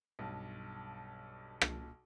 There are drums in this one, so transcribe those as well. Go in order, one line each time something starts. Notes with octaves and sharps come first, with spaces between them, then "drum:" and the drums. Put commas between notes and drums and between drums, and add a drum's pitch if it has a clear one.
B1 G2
drum: rim click